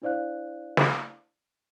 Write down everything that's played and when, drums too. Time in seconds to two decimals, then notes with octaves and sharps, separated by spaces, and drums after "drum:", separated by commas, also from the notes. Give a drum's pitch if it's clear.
0.02 D4 E4 C5 D5 F5 F#6
0.77 drum: snare